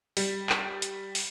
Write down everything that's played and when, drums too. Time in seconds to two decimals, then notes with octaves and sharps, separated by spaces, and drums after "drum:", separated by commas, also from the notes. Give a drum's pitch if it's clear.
0.17 G3, drum: open hi-hat
0.49 drum: clap
0.82 drum: hi-hat
1.15 drum: open hi-hat